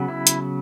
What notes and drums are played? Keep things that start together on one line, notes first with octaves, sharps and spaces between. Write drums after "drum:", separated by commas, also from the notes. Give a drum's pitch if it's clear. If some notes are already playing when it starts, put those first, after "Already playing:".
Already playing: C#3 F#3 B3
E4
drum: hi-hat